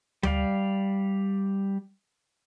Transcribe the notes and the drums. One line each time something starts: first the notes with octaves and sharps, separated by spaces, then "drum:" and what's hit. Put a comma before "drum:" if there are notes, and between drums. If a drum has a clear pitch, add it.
G3 D5 F5, drum: tom D2